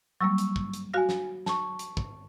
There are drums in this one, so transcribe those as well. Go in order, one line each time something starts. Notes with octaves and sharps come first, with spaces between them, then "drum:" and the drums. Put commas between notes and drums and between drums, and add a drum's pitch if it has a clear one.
F#3 G3 A#3 C#6 E6
drum: hi-hat
drum: kick
drum: hi-hat
F#4 F5 G#5 F6 A#6
drum: snare
A5 C#6, drum: snare
drum: hi-hat
drum: kick